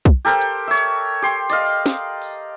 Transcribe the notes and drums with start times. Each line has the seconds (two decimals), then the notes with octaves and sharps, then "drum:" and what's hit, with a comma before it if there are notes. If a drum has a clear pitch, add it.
0.05 drum: kick, hi-hat
0.25 G4 A4 A#4 C5
0.41 drum: hi-hat
0.68 C#5 E5
0.78 drum: hi-hat
1.22 G4 C6
1.50 D5 D#5 F5, drum: hi-hat
1.86 drum: snare
2.22 drum: open hi-hat